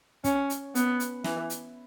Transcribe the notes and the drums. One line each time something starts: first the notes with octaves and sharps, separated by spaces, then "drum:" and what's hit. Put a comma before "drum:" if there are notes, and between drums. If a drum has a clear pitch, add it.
C#4, drum: kick, hi-hat
drum: hi-hat
B3, drum: hi-hat
drum: hi-hat
E3, drum: snare
drum: hi-hat